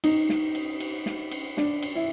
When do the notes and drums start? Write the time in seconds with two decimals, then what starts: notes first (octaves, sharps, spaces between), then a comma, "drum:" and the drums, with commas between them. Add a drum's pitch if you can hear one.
0.04 D#4, drum: cymbal
0.29 drum: snare
0.55 drum: cymbal
0.80 drum: cymbal
1.06 drum: snare
1.31 drum: cymbal
1.57 D4, drum: snare
1.83 drum: cymbal
1.95 E4